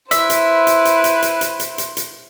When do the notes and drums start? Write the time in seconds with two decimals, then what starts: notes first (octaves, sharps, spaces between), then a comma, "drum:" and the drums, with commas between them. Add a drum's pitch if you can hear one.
0.11 E4 B4 C5 E5, drum: hi-hat
0.30 drum: hi-hat
0.67 drum: hi-hat
0.85 drum: hi-hat
1.04 drum: hi-hat
1.22 drum: hi-hat
1.41 drum: hi-hat
1.60 drum: hi-hat
1.78 drum: hi-hat
1.97 drum: hi-hat